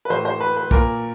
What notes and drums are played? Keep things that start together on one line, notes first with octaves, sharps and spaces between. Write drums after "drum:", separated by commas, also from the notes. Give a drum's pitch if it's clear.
B4
A2 E3 C5
C5
B4
B4
A#2 A#4, drum: kick